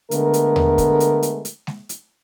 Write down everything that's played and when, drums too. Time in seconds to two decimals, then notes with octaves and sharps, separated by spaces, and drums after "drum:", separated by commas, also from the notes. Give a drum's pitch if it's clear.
0.11 D3 G#3 A3 B3 A#4, drum: hi-hat
0.34 drum: hi-hat
0.56 drum: tom D#2
0.78 drum: kick, hi-hat
1.00 drum: hi-hat
1.23 drum: hi-hat
1.45 drum: hi-hat
1.67 drum: snare G#3
1.89 drum: hi-hat